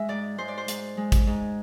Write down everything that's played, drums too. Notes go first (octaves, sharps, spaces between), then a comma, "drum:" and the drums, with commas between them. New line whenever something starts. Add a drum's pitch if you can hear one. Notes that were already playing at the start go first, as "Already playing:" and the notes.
Already playing: G#3 E5
G#2 D5
G#3 C5
D5
C5
G#2, drum: hi-hat
G#3
drum: kick, hi-hat
G#2